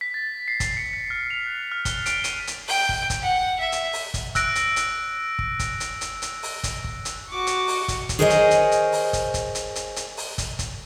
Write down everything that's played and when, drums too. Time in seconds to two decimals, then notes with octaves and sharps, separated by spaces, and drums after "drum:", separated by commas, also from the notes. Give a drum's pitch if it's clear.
0.01 B6
0.14 A6
0.48 C7
0.60 drum: kick, hi-hat
0.77 C#7
0.93 B6
1.10 F6
1.30 F7
1.47 F#6
1.72 F6
1.85 G7, drum: kick, hi-hat
2.06 D7, drum: hi-hat
2.24 D#7, drum: hi-hat
2.47 drum: hi-hat
2.68 G5, drum: open hi-hat
2.89 drum: kick
3.10 drum: kick, hi-hat
3.22 F#5
3.59 E5
3.72 drum: hi-hat
3.93 drum: open hi-hat
4.14 drum: kick, hi-hat
4.35 E6 F#6 A#6 D7, drum: kick, hi-hat
4.55 drum: hi-hat
4.76 drum: hi-hat
5.39 drum: kick
5.59 drum: kick, hi-hat
5.80 drum: hi-hat
6.01 drum: hi-hat
6.22 drum: hi-hat
6.43 drum: open hi-hat
6.63 drum: kick, hi-hat
6.84 drum: kick
7.05 drum: hi-hat
7.31 F#4 C#6 D6
7.47 drum: hi-hat
7.68 drum: open hi-hat
7.88 drum: kick, hi-hat
8.09 drum: kick, hi-hat
8.19 G#4 A#4 C5 C#5 D#5 G#5
8.30 drum: hi-hat
8.51 drum: hi-hat
8.72 drum: hi-hat
8.92 drum: open hi-hat
9.13 drum: kick, hi-hat
9.34 drum: kick, hi-hat
9.55 drum: hi-hat
9.76 drum: hi-hat
9.96 drum: hi-hat
10.17 drum: open hi-hat
10.38 drum: kick, hi-hat
10.59 drum: kick, hi-hat